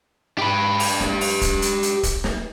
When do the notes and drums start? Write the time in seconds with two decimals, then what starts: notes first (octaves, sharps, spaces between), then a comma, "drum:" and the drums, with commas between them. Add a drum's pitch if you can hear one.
0.38 G4 B4
0.80 drum: open hi-hat
1.00 drum: snare
1.21 drum: open hi-hat
1.41 drum: kick, hi-hat
1.62 drum: hi-hat
1.83 drum: hi-hat
2.03 drum: kick, hi-hat
2.24 drum: snare